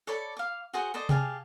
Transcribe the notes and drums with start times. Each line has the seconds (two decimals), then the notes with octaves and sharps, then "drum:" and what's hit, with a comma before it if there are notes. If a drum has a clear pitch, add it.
0.07 A4 C#5 D5 B5
0.37 F5 D6
0.73 F#4 G#4 C5 F#5
0.94 A4 C5 D5 D#5
1.09 G4 G#4 F5 A5, drum: tom C3